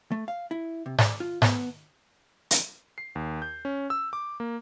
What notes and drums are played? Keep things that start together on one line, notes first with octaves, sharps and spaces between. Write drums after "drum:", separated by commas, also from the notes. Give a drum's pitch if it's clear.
A3
F5
E4
C3
D5, drum: snare G#2
F4
B3, drum: snare G#2
drum: hi-hat
C7
D#2
G6
C#4
E6
D6
A#3